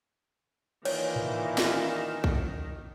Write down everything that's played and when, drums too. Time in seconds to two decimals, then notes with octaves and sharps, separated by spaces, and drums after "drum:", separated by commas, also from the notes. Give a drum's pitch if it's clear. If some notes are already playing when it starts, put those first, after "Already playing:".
0.85 A#2 D#3 E3 C#5, drum: cymbal
1.16 drum: tom A2
1.58 drum: snare
2.24 drum: kick B1